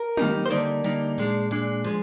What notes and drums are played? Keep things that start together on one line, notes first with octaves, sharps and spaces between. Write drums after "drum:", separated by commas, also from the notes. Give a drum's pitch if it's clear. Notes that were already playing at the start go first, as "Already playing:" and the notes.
Already playing: A#4
D#3 G3 A#3 D#4, drum: tom
C5
D3 G3 A#3 D#4 D5, drum: hi-hat
D3 G3 A#3 D#4, drum: hi-hat
A#2 G#3 D4, drum: open hi-hat
A#2 G#3 D4, drum: hi-hat
F3 G#3, drum: hi-hat